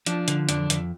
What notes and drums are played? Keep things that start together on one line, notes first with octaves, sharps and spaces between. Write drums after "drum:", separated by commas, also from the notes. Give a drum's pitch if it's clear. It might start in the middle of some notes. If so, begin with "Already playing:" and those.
F3 D4, drum: hi-hat
D3, drum: hi-hat
F2 D4, drum: hi-hat
F2, drum: hi-hat